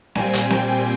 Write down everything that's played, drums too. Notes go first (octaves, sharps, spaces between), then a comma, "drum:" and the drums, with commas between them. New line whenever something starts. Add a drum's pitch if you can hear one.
A#2 G3 C4 G#5, drum: snare C4
drum: hi-hat
G5, drum: snare C4